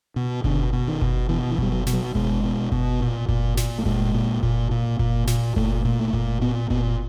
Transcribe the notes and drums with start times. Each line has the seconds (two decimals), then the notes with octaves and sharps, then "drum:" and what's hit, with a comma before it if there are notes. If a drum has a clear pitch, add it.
0.16 B2
0.44 B2 D3, drum: kick F#1
0.73 B2
0.87 D#3
1.01 B2, drum: kick F#1
1.29 B2 E3
1.51 E3
1.58 B2 G3, drum: kick F#1
1.72 F#3
1.87 B2, drum: snare
1.93 F#3
2.15 B2 G#3, drum: kick F#1
2.44 B2
2.72 B2, drum: kick F#1
3.00 A#2
3.29 A#2, drum: kick F#1
3.57 A#2, drum: snare
3.78 A3
3.85 A#2 G#3, drum: kick F#1
4.14 A#2
4.43 A#2, drum: kick F#1
4.71 A#2
4.99 A#2, drum: kick F#1
5.27 A#2, drum: snare
5.56 A#2 A3, drum: kick F#1
5.85 A#2
5.99 A3
6.13 A#2, drum: kick F#1
6.41 A#2 B3
6.70 A#2 B3, drum: kick F#1